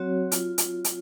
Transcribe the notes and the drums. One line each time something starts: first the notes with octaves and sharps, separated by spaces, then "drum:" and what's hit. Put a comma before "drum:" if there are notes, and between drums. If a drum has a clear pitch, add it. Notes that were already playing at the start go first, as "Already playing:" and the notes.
Already playing: F#3 C4 F#4 C#5
F4, drum: hi-hat
drum: hi-hat
drum: hi-hat